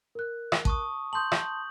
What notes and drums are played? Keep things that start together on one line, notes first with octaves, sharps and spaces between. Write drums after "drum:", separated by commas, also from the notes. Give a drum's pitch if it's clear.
A#4 F#6
drum: rim click
A5 C#6 D#6, drum: kick A1
A5 C6 D#6 G6 F#7
drum: rim click